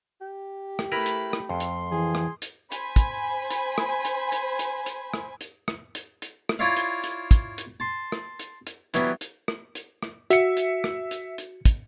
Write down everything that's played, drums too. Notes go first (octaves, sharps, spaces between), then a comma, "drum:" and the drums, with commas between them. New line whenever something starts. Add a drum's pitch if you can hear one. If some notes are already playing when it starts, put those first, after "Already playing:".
G4
drum: rim click
A3 E4 A#4 B4 B5
drum: hi-hat
drum: rim click
F2 C6
drum: hi-hat
E3 G#4
drum: rim click
drum: hi-hat
C5 G#5 B5, drum: hi-hat
drum: kick, hi-hat
drum: hi-hat
drum: rim click
drum: hi-hat
drum: hi-hat
drum: hi-hat
drum: hi-hat
drum: rim click
drum: hi-hat
drum: rim click
drum: hi-hat
drum: hi-hat
drum: rim click
E4 F4 C#5 D5 E5 F5
drum: hi-hat
drum: hi-hat
drum: kick, hi-hat
drum: hi-hat
A5 C6
drum: rim click
drum: hi-hat
drum: hi-hat
E3 F#3 G3 B3, drum: hi-hat
drum: hi-hat
drum: rim click
drum: hi-hat
drum: rim click
F#4 E5 C#7, drum: hi-hat
drum: hi-hat
drum: rim click
drum: hi-hat
drum: hi-hat
drum: kick, hi-hat